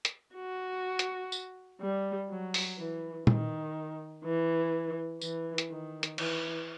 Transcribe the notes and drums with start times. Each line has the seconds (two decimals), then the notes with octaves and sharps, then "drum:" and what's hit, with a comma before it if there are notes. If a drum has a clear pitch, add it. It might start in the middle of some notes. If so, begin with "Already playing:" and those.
0.05 drum: hi-hat
0.35 F#4
0.99 drum: hi-hat
1.32 drum: tambourine
1.81 G3
2.29 F#3
2.54 drum: open hi-hat
2.78 E3
3.27 D#3, drum: tom A#2
4.24 E3
5.21 E3, drum: tambourine
5.58 drum: hi-hat
5.70 D#3
6.03 drum: hi-hat
6.18 E3, drum: cymbal